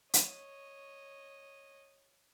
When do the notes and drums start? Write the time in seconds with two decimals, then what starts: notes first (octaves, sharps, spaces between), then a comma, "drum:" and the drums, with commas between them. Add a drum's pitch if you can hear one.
0.14 C#5 D#5, drum: hi-hat